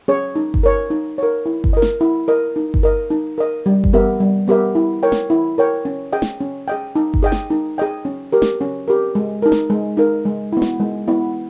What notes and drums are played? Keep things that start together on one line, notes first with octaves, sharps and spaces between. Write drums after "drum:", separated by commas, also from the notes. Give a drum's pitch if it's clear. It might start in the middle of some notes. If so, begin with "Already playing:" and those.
C#4 G#4 C#5
D#4
drum: kick G1
A#4 C#5
D#4
A#4 C#5
E4
drum: kick G1
A#4 D#5
drum: snare
E4
A#4 D#5
D#4
drum: kick G1
A#4 D#5
D#4
A#4 D#5
G3
drum: kick G1
B3 G4 A#4 E5
G3
B3 G4 A#4 E5
E4
A#4 C#5 G5
drum: snare
E4
A#4 C#5 G5
C#4
G#4 D#5 G5
drum: snare
C#4
G#4 D#5 G5
D#4
drum: kick G1
G#4 D#5 G5
drum: snare
D#4
G#4 D#5 G5
C#4
G4 A#4
drum: snare
C#4
G4 A#4
G#3
D#4 A#4
drum: snare
G#3
D#4 A#4
G#3
B3 E4
drum: snare
G#3
B3 E4